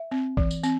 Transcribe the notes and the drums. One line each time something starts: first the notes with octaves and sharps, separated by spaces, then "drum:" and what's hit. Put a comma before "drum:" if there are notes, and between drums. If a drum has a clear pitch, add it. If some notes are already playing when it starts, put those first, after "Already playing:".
Already playing: E5
C4
E3, drum: kick
drum: tambourine
C4, drum: tambourine